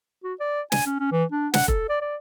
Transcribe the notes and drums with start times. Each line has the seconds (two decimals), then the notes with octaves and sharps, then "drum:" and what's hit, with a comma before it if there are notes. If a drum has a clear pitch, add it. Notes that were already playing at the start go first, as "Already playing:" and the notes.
0.24 F#4
0.40 D5
0.72 G#5, drum: snare
0.86 C#4
1.00 C#4
1.12 E3
1.32 D4
1.54 F#5, drum: snare
1.68 A4, drum: kick F1
1.89 D5
2.01 D5